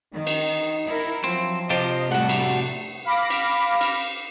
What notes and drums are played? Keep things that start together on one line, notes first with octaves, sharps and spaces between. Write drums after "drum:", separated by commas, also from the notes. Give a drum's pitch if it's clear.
D#3 D#4
drum: cymbal
E4 A#4
F3 F#3 C4
C3 D4 F4 G4 C5 D#5
F2 A2 G3 A3 F#4 F#5
drum: cymbal
F5 B5 D6 A#6
drum: cymbal
drum: cymbal